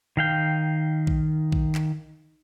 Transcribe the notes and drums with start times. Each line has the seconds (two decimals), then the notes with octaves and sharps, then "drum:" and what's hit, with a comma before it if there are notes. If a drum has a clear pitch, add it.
0.17 D#3 F5 G5
1.07 drum: kick A#1
1.52 drum: kick A#1
1.75 drum: clap